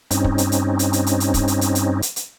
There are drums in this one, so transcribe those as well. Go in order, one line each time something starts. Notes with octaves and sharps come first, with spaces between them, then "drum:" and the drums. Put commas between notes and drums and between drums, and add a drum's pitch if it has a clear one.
G2 C4 C#4 D#4, drum: hi-hat
drum: kick
drum: hi-hat
drum: hi-hat
drum: hi-hat
drum: hi-hat
drum: hi-hat
drum: hi-hat
drum: kick, hi-hat
drum: hi-hat
drum: hi-hat
drum: hi-hat
drum: hi-hat
drum: hi-hat